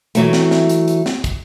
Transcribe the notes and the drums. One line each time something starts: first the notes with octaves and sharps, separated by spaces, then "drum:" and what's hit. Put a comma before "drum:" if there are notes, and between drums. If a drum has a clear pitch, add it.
E3 F#3 A3, drum: hi-hat
drum: snare
drum: snare
drum: hi-hat
drum: hi-hat
drum: snare
drum: kick, hi-hat